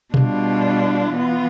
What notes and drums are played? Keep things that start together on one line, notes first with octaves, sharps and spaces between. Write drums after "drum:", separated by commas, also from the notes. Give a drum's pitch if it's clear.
B2 G3 D4 F4, drum: tom B2
E3 B3 F4